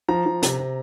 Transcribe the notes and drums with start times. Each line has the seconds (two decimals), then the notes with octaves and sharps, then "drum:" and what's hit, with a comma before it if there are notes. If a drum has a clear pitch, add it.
0.08 F3 A#5
0.26 F3
0.42 C3, drum: hi-hat
0.59 C3